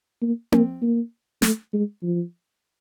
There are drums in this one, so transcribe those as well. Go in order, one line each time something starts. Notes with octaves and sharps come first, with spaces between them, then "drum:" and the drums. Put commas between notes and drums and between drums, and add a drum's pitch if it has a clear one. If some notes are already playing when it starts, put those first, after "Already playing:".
A#3
A#3, drum: tom C4
A#3
A3, drum: snare
G#3
F3